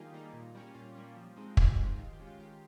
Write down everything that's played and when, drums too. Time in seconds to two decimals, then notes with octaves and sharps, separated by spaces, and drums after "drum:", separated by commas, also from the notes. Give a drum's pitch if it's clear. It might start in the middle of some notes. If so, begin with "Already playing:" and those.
Already playing: D#3 G3 A#3 D#4 F4 G4 G#4 A#4
0.13 G3 A#3 D#4
0.33 A#2
0.55 G3 A#3 C#4
0.75 A#2 F4
0.95 G3 A#3 C#4
1.17 F3
1.36 G#3 C4 D#4
1.57 F3 G4, drum: kick
1.78 G#3 C4 D#4
1.98 D#3 F4
2.13 G4
2.20 G#3 C#4
2.27 F4
2.40 D#3 G4